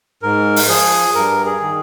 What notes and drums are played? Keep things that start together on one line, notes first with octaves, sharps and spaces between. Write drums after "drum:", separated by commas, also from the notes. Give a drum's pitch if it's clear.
G#2 A#4
drum: open hi-hat
F3 G#4
G2 A#4
G#4
D#3